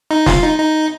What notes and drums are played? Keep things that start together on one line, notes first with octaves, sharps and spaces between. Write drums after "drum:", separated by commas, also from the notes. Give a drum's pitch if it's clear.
D#4
F4, drum: snare
D#4
D#4